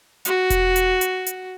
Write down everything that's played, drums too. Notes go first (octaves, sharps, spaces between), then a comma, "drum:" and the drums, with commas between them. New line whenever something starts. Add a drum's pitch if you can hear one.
F#4, drum: hi-hat
drum: kick E1, hi-hat
drum: hi-hat
drum: hi-hat
drum: hi-hat